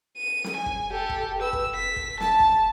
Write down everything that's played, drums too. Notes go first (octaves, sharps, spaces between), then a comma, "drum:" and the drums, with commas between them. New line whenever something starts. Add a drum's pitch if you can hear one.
D#7
drum: snare
G#5
drum: kick
G4 A4
drum: kick
B4 E6
drum: kick
B6
drum: kick
A5, drum: snare
drum: kick